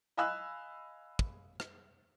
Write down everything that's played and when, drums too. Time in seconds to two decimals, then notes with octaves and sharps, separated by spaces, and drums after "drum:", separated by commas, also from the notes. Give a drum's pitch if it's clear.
0.17 D#5 F5 G#5 B5 E6 F#6
1.19 drum: kick
1.60 drum: rim click